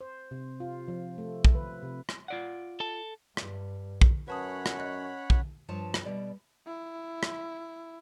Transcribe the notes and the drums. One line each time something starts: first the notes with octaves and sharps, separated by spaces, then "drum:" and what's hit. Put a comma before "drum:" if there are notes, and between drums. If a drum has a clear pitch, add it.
C5
C3
F4
F3
A3
drum: kick
B4
C3
drum: rim click
F4 D5 F#5
A4 A5
G2, drum: rim click
drum: kick
F#2 C#4 B4 C#5 F#5 A5 B5 D#6
drum: rim click
D#5 F#6
drum: kick
G2 F3 C#5 A5
drum: rim click
B2 G3 D5
E4
drum: rim click